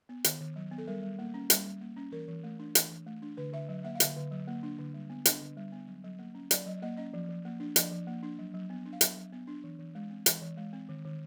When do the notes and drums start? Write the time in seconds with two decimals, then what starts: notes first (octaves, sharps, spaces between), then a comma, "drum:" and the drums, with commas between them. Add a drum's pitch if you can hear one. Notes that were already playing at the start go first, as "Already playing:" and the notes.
0.09 B3
0.24 D#3, drum: hi-hat
0.41 D#3
0.56 F#3
0.71 B3
0.78 A4
0.88 G3 A#4
1.03 G3
1.19 A#3
1.34 C#4
1.50 G3, drum: hi-hat
1.66 G3
1.81 A#3
1.96 C#4
2.12 E3 A#4
2.28 E3
2.44 A3
2.59 D4
2.75 E3, drum: hi-hat
2.91 E3
3.06 A3
3.22 D4
3.37 D3 B4
3.53 D3 E5
3.69 F#3
3.84 A#3 E5
3.95 F5
4.00 D3 E5, drum: hi-hat
4.16 D3
4.32 F#3
4.47 A#3
4.63 D4
4.79 D3
4.94 G3
5.10 B3
5.25 D4 D#5, drum: hi-hat
5.41 D3
5.57 G3
5.72 B3
5.88 F#3
6.04 F#3
6.19 A#3
6.35 C#4
6.51 F#3 D5, drum: hi-hat
6.66 F#3 D#5
6.82 A#3 D#5
6.97 C#4 D#5
7.14 F3
7.29 F3
7.45 A#3
7.60 D4
7.76 F3 D#5, drum: hi-hat
7.91 F3
8.07 A#3
8.23 D4
8.39 F#3
8.54 F#3
8.70 B3
8.86 D4
8.93 F5
9.01 F#3 E5, drum: hi-hat
9.17 F#3
9.32 B3
9.48 D4
9.64 E3
9.79 E3
9.95 G#3
10.10 C4
10.26 E3 D#5, drum: hi-hat
10.42 E3
10.57 G#3
10.73 C4
10.89 D#3
11.05 D#3